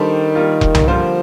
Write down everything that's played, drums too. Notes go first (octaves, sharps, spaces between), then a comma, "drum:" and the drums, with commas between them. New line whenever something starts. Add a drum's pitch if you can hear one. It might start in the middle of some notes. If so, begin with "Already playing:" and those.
Already playing: D#3 G3 D4 A4 C5
G3 A#3 F4
drum: kick E1
drum: tom C2
D3 F3 G3 A#3 F4 C5